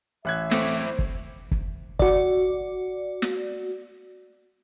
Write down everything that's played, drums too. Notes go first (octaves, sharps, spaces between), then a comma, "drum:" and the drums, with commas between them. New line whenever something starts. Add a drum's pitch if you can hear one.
A1 E5 F#6 G#6
A3 C4 E4 D5, drum: snare
C5
drum: kick
drum: kick
F#4 D5, drum: kick
drum: snare